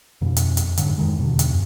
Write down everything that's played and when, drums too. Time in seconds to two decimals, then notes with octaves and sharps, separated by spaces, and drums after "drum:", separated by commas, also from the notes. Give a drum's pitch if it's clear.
0.21 F2 B2
0.36 drum: hi-hat
0.57 drum: hi-hat
0.77 G#2 D3 F#3, drum: hi-hat
0.98 F2 D#3 G#3
1.18 E2 B2 D3
1.39 drum: hi-hat
1.52 F#2